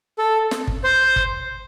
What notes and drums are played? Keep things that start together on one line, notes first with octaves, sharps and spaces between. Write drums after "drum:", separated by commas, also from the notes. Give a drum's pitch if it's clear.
A4
drum: snare
drum: kick
C5
drum: kick